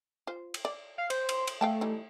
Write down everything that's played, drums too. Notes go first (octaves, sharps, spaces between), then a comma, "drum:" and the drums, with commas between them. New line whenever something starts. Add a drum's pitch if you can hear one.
F4 C5
drum: cymbal
D5
F5
C5, drum: cymbal
drum: cymbal
drum: cymbal
A3 F5 G5 A5
E3 G3 D#4